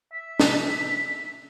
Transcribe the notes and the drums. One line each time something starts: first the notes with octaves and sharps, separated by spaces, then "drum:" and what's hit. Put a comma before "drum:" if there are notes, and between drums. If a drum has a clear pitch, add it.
E5
drum: snare